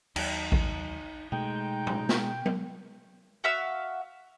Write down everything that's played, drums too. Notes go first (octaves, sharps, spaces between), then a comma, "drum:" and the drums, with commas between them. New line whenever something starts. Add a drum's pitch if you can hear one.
D#2 F#3 D#4, drum: cymbal
drum: kick A1
B2 G#3 A3 D#4 G5
drum: tom
drum: snare
drum: tom F#3
F#4 E5 F5 E6